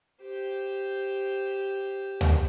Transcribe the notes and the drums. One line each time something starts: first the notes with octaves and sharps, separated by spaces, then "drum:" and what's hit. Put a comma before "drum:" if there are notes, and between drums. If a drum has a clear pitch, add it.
G4 C5
drum: tom